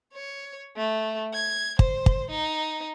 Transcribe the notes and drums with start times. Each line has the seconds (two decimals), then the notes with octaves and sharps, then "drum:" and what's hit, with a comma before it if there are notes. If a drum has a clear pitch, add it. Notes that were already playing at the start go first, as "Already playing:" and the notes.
0.14 C#5
0.77 A3
1.33 G#6
1.79 C5, drum: kick
2.06 drum: kick
2.30 D#4